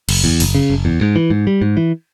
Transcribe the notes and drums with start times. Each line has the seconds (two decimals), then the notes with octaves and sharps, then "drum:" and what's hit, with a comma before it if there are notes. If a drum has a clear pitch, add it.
0.09 F#1, drum: cymbal
0.24 E2
0.40 F#1, drum: open hi-hat
0.55 C#3
0.70 F#1
0.85 E2
1.01 G#2
1.16 E3
1.30 G#2
1.47 G3
1.62 G#2
1.77 E3